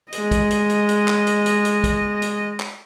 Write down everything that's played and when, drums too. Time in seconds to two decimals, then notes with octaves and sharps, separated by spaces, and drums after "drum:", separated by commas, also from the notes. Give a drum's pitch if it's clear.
0.12 G#3 D#5, drum: hi-hat
0.31 drum: kick, hi-hat
0.50 drum: hi-hat
0.70 drum: hi-hat
0.89 drum: hi-hat
1.08 drum: clap
1.27 drum: hi-hat
1.46 drum: hi-hat
1.65 drum: hi-hat
1.84 drum: kick, hi-hat
2.22 drum: hi-hat
2.60 drum: clap